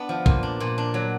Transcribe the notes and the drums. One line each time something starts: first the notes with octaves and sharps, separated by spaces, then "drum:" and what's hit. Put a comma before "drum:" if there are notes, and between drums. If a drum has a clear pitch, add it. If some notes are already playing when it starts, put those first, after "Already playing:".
Already playing: B3 D4
F3
A#2, drum: kick
D4
A#2
D4
F#3